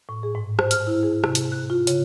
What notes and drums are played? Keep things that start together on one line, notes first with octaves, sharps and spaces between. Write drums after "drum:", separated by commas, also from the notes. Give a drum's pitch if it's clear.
A2
G#4
G#2
C5, drum: rim click
F6, drum: hi-hat
E4
G#4
C3, drum: rim click
drum: hi-hat
F#6
F4
C#3, drum: hi-hat